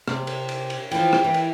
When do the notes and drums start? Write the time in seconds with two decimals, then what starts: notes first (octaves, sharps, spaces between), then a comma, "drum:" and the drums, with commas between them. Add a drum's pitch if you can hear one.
0.08 C3, drum: rim click
0.27 drum: cymbal
0.49 drum: cymbal
0.70 drum: cymbal
0.91 E3 F3 G5, drum: cymbal
1.13 drum: rim click
1.24 E3
1.34 drum: cymbal